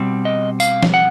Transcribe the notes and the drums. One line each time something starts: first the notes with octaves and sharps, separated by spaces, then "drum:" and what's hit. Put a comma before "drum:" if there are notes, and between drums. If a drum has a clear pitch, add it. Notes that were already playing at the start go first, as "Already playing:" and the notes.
Already playing: B2 G3 C4
D#5
F5, drum: tambourine
drum: snare
F#5